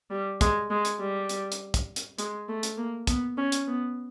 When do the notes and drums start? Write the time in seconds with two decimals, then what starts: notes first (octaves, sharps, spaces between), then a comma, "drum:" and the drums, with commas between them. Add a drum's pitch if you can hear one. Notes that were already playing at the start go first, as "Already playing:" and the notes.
0.10 G3
0.41 G#3, drum: kick, hi-hat
0.70 G#3
0.85 drum: hi-hat
1.00 G3
1.29 drum: hi-hat
1.52 drum: hi-hat
1.74 drum: kick, hi-hat
1.96 drum: hi-hat
2.19 G#3, drum: hi-hat
2.49 A3
2.63 drum: hi-hat
2.77 A#3
3.07 B3, drum: kick, hi-hat
3.38 C#4
3.52 drum: hi-hat
3.67 B3